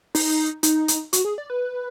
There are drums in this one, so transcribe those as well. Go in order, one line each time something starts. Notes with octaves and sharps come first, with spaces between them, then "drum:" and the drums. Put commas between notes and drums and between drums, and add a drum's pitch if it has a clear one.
D#4, drum: open hi-hat
D#4, drum: hi-hat
drum: hi-hat
F#4, drum: hi-hat
G#4
D5
B4